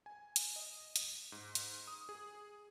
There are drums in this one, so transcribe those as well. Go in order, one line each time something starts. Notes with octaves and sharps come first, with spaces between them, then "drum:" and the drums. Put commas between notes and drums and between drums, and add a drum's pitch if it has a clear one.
G#5
drum: hi-hat
D#5
drum: hi-hat
G#2
drum: hi-hat
D#6
G#4